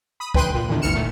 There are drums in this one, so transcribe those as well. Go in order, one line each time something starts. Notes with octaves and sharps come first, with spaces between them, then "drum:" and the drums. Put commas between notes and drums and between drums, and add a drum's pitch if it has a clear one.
B5 D#6
D2 B4 G5 C6 F#6 D#7, drum: kick
A#2
E2 A2 D3 D#3
G1 D2 E3 F6 C#7 E7
A#2 D#3 A3